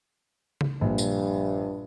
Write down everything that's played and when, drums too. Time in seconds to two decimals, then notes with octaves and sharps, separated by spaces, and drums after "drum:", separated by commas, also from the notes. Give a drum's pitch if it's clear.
0.61 drum: tom C#3
0.81 A#1 G2
0.98 drum: tambourine